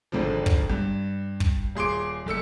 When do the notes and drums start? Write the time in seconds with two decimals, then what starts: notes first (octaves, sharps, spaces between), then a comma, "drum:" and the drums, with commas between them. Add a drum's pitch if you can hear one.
0.12 G#1 G#2 D3 F3
0.46 drum: kick
0.70 G2
1.40 drum: kick
1.76 D#1 G#4 C6 D6 D7
2.26 F#1 A3 E6 C#7